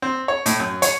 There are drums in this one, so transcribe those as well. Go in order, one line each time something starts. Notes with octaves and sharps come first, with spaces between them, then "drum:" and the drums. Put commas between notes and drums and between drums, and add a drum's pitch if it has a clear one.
C4
C#5
A2, drum: hi-hat
F#2
C#5, drum: hi-hat